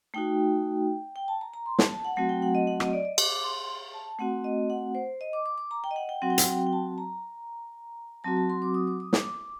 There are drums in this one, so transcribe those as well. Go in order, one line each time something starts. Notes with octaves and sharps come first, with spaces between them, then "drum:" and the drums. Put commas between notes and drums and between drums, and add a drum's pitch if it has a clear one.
A3 D#4 F#4 G5
G5
A5
A#5
A#5
C6
A5, drum: snare
A5
F#5
F#3 A3 C4 F#4 F#5
G5
F#5
D#5
F#5
D#5, drum: rim click
D5
D#5
D6, drum: cymbal
C6
A5
A3 C4 F#4 F#5
D#5
F#5
C5
D#5
D6
D6
D6
A#5
G5
D#5
F#5
G5
F#3 C4 F#4 F#5
G5
F#5, drum: hi-hat
G5
G5
A5
A#5
F#3 C4 F#4 A5
A5
C6
D6
D#6
D6
D#6
D6, drum: snare
D6